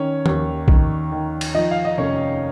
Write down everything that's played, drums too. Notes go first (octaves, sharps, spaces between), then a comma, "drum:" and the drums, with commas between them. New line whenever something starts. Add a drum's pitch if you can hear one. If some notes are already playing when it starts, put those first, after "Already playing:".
Already playing: D#3 C#4 C#5
D#2, drum: tom E3
D#3, drum: kick B1
D#3
drum: cymbal
F3 D#4 D#5
F5
D#5
F1 C#4 C#5